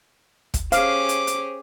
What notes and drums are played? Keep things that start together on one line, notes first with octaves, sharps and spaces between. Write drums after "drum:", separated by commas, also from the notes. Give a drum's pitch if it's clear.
drum: kick, hi-hat
C#4 G4 G#4 C5 F5 D6, drum: hi-hat
drum: hi-hat
drum: hi-hat